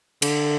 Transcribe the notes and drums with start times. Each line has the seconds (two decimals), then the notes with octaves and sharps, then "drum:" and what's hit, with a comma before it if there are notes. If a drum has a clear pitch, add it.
0.22 D3, drum: cymbal